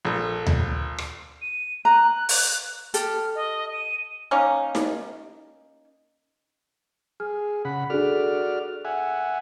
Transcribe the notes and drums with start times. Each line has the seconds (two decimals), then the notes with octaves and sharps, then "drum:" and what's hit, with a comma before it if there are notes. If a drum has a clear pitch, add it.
0.05 A#1 A4
0.47 drum: tom D2
0.98 drum: rim click
1.42 D#7
1.85 A#5 F#6
2.29 drum: open hi-hat
2.94 G4 A4 F6, drum: hi-hat
3.35 D#5
3.72 D#7
4.31 A#3 C#4 D#4
4.75 drum: snare D#4
7.20 G#4 F6
7.65 C#3 F#5 B5
7.90 D4 F#4 G#4 A4 D5 F6
8.85 E5 F#5 G#5